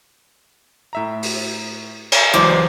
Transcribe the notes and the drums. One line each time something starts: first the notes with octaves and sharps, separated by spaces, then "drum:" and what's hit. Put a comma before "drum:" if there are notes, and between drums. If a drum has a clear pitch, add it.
A2 E5 A#5
drum: open hi-hat
drum: cymbal
C#2 E3 F#3 C5 D5 D6